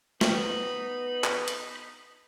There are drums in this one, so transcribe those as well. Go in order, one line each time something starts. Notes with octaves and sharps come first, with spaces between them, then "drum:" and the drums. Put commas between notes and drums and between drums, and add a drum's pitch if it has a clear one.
B3 D#4 B5, drum: snare
drum: clap
drum: hi-hat